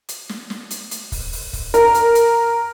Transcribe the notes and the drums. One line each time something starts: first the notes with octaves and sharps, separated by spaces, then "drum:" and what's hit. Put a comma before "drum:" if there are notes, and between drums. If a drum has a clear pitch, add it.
drum: hi-hat
drum: snare
drum: snare
drum: hi-hat
drum: hi-hat
drum: kick, open hi-hat
drum: open hi-hat
drum: kick, open hi-hat
A#4, drum: hi-hat
drum: hi-hat
drum: hi-hat